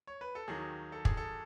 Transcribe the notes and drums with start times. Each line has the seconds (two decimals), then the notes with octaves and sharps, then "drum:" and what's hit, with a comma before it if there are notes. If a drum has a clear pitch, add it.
0.07 C#5
0.21 B4
0.35 A4
0.48 D#2 D#3 F#3 G#4
0.92 A4
1.05 G#4, drum: kick
1.17 A4